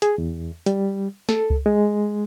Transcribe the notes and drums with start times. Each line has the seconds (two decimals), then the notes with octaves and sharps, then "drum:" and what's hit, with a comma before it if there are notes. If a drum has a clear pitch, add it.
0.02 G#4, drum: hi-hat
0.18 E2
0.66 G3, drum: hi-hat
1.29 A4, drum: snare
1.50 drum: kick C#2
1.66 G#3